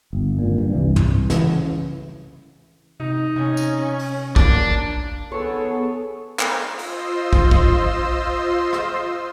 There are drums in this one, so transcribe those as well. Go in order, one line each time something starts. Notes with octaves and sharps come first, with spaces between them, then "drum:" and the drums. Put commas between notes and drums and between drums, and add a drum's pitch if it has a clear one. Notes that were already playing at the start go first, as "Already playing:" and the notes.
G1
G#1 A#2
G2
C2 E3
drum: tom
C#3 E3, drum: snare
C3 D#4
C3 C#4
drum: tambourine
drum: open hi-hat
D2 A#3 D4, drum: kick
B3 G#4 A4 C#5
drum: clap
F4 C5 D#5 C6 E6
drum: open hi-hat
drum: kick
drum: kick
drum: rim click